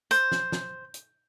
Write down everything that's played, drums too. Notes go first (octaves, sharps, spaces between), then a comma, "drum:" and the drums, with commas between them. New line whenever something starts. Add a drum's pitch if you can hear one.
C5, drum: hi-hat
drum: snare
drum: snare
drum: hi-hat